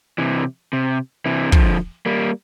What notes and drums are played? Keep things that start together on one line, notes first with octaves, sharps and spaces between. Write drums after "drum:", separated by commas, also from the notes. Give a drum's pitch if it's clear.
C3 E3
C3
C3 E3
D3 F3, drum: kick
G3 A#3